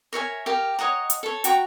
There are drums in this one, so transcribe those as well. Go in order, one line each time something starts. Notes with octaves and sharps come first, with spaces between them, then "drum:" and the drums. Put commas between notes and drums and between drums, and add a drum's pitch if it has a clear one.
A#4 C#5 E5 G#5
G4 A#4 F5
C#5 D#5 F#5 A#5
drum: hi-hat
A4 C#5
F#4 G5 A#5 C#6, drum: hi-hat